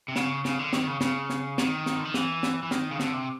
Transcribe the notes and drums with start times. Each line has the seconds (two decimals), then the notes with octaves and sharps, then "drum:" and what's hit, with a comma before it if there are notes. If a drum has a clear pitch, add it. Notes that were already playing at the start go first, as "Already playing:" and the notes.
0.08 C3
0.16 C#3, drum: snare
0.45 C#3, drum: snare
0.59 D3
0.73 D#3, drum: snare
0.87 C#3
1.01 C#3, drum: snare
1.30 drum: snare
1.58 D#3, drum: snare
1.86 drum: snare
1.95 D3
2.05 D#3
2.14 E3, drum: snare
2.43 drum: snare
2.63 E3
2.71 D#3, drum: snare
2.91 C#3
3.00 D3, drum: snare
3.14 C3